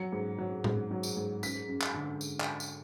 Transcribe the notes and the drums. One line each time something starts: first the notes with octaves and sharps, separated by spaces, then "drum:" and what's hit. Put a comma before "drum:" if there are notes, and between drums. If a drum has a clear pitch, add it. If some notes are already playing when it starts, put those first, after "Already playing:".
Already playing: F#3 C#7
G#2
F#3
G#2, drum: tom A2
F#3
drum: tambourine
G#2
F#2 B6, drum: tambourine
F#2
drum: clap
D3
drum: tambourine
drum: clap
drum: tambourine